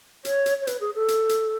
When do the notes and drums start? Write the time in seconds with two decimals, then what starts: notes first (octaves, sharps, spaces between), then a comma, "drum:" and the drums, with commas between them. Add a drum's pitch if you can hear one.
0.25 C#5, drum: hi-hat
0.46 drum: hi-hat
0.62 C#5
0.67 B4, drum: hi-hat
0.81 G#4
0.95 A4
1.08 drum: hi-hat
1.29 drum: hi-hat